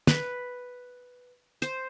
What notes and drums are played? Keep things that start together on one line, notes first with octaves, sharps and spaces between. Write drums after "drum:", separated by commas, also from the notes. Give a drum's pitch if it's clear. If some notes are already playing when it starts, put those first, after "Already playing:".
B4, drum: snare
C5, drum: hi-hat